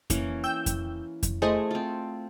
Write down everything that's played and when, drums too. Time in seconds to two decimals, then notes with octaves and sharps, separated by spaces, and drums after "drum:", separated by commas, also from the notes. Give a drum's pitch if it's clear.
0.10 E3 A#3 C#4, drum: kick F2, hi-hat
0.44 G5 E6 G6
0.66 drum: kick F2, hi-hat
1.23 drum: kick F2, hi-hat
1.42 A3 E4 G#4 C5 D#5
1.71 C4 F4